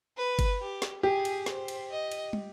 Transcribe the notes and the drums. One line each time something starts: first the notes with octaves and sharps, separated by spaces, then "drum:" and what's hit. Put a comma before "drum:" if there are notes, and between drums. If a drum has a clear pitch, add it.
B4
drum: kick G1, cymbal
G4
drum: snare
G4 G#4
drum: cymbal
C5, drum: snare
drum: cymbal
D#5
drum: cymbal
drum: tom